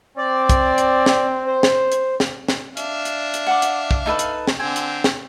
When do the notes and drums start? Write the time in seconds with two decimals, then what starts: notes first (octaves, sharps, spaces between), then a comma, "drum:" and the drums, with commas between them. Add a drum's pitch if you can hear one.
0.18 C4 D5
0.49 drum: kick, hi-hat
0.78 drum: hi-hat
1.06 drum: snare
1.47 C5
1.63 drum: snare
1.92 drum: hi-hat
2.20 drum: snare
2.48 drum: snare
2.77 D4 E5 F5, drum: hi-hat
3.05 drum: hi-hat
3.34 drum: hi-hat
3.47 F#5 D6
3.62 drum: hi-hat
3.91 drum: kick
4.06 D#4 A4 B4
4.19 drum: hi-hat
4.47 drum: snare
4.59 D3 C4 G#5
4.76 drum: hi-hat
5.04 drum: snare